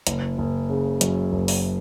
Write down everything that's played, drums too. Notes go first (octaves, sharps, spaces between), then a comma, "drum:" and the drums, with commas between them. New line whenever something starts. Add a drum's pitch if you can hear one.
F#1, drum: hi-hat
F#1
C#3
F#2, drum: hi-hat
F#1
drum: open hi-hat